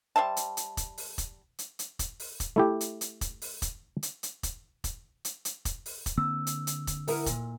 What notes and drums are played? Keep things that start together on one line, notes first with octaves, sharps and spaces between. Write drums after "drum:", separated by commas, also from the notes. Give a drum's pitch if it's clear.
G3 C5 E5 A5
drum: hi-hat
drum: hi-hat
drum: kick E1, hi-hat
drum: open hi-hat
drum: kick E1, hi-hat
drum: hi-hat
drum: hi-hat
drum: kick E1, hi-hat
drum: open hi-hat
drum: kick E1, hi-hat
A3 E4 G4
drum: hi-hat
drum: hi-hat
drum: kick E1, hi-hat
drum: open hi-hat
drum: kick E1, hi-hat
drum: hi-hat
drum: hi-hat
drum: kick E1, hi-hat
drum: kick E1, hi-hat
drum: hi-hat
drum: hi-hat
drum: kick E1, hi-hat
drum: open hi-hat
drum: kick E1, hi-hat
D3 A#3 C4 E6
drum: hi-hat
drum: hi-hat
drum: kick E1, hi-hat
B3 E4 A#4, drum: open hi-hat
A#2, drum: kick E1, hi-hat